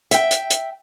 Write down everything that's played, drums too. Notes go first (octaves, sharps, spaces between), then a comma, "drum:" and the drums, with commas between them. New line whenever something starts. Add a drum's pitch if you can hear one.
E5 G5, drum: hi-hat
drum: hi-hat
drum: hi-hat